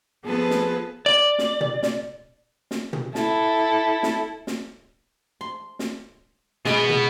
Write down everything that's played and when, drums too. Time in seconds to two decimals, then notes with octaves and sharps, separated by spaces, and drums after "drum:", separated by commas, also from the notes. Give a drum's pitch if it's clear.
0.24 F3 B3 G#4 A4 B4
0.50 drum: snare
1.06 D5
1.39 drum: snare
1.61 drum: tom
1.83 drum: snare
2.71 drum: snare
2.93 drum: tom
3.15 E4 A4, drum: snare
4.03 drum: snare
4.47 drum: snare
5.41 C6
5.79 drum: snare
6.65 B2 G#3 B3, drum: snare
6.90 drum: tom